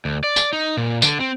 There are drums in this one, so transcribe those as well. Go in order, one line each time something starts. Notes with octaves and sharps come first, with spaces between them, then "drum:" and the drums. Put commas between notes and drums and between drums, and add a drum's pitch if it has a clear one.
D2
D5
drum: tambourine
D#4
A#2
D3, drum: tambourine
C4